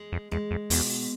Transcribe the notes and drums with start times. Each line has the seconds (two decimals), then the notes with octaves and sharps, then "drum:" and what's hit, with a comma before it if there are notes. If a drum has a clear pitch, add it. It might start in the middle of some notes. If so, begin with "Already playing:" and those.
Already playing: G#3
0.12 F2
0.31 E2 G#3
0.51 F2
0.70 E2 B2, drum: open hi-hat